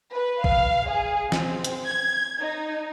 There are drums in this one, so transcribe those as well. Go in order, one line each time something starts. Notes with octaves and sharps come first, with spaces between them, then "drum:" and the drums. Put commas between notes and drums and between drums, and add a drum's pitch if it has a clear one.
B4
F5, drum: kick
G#4
C4, drum: snare
drum: hi-hat
G#6
D#4